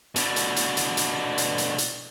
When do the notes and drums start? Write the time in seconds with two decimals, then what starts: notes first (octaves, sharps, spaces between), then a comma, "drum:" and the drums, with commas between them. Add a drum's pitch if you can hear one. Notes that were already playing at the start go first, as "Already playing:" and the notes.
0.16 B2 D3, drum: hi-hat
0.36 drum: hi-hat
0.56 drum: hi-hat
0.77 drum: hi-hat
0.97 drum: hi-hat
1.38 drum: hi-hat
1.58 drum: hi-hat
1.78 drum: hi-hat